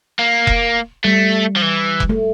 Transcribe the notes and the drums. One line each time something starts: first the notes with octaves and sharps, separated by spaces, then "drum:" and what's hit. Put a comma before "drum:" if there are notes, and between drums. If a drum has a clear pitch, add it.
A#3
drum: kick F1
G3 A3
F3
E3
drum: kick F1
A3